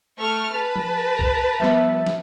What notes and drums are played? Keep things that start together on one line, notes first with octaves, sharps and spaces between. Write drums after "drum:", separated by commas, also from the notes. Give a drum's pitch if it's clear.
A3 C#6 F6
G#4 B4 A5
drum: tom F3
drum: kick B1
F3 G3 B3 E5
drum: snare